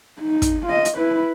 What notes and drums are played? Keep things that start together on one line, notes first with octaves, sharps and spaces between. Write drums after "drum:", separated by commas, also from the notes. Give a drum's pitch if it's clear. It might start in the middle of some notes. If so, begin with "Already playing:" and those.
D#4
drum: kick, hi-hat
F4 D#5
drum: hi-hat
E4 B4